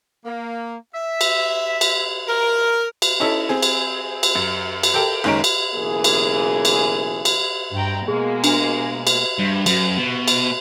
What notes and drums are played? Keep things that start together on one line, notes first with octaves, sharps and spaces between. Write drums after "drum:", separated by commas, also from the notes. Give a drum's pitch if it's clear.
A#3
E5
drum: cymbal
drum: cymbal
A#4
drum: cymbal
C#4 D#4 E4 A4
C4 G#4
drum: cymbal
drum: cymbal
F#2
drum: cymbal
G4 A4 A#4 G5
F#1 D#3 G#3 C#4 A#5 D7
drum: cymbal
B1 C#3 E3 A#3 G#4
drum: cymbal
drum: cymbal
drum: cymbal
G2 G5 A#5
B2 G#3 A#3 G#4
D4, drum: cymbal
drum: cymbal
G2
F#2, drum: cymbal
B2
drum: cymbal